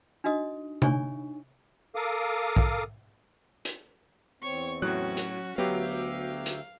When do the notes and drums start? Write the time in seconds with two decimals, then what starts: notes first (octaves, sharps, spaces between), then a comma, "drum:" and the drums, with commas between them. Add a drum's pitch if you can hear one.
0.24 D4 D#4 F#4 D#5 D#6
0.82 D4 D#4 C#5 G#5 C#6, drum: tom C3
1.95 A4 A#4 F5 D6 D#6
2.57 drum: kick
3.65 drum: hi-hat
4.42 E2 C4 C#5 C#6
4.82 A2 F#3 C#4 F#4 F#6
5.17 drum: hi-hat
5.58 D2 F#3 B3 G4 E5 F5 G5
6.46 drum: hi-hat